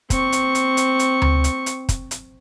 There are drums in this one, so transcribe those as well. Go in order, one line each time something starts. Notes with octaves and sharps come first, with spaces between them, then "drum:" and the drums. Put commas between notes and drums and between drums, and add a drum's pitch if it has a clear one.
C4 C#6, drum: kick, hi-hat
drum: hi-hat
drum: hi-hat
drum: hi-hat
drum: hi-hat
drum: tom D2
drum: hi-hat
drum: hi-hat
drum: kick, hi-hat
drum: hi-hat